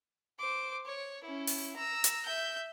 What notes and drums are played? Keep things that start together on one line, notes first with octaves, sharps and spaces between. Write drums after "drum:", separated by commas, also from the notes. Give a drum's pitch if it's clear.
C5 D6
C#5
C#4 E4
drum: open hi-hat
A#5 E6
drum: hi-hat
E5 G6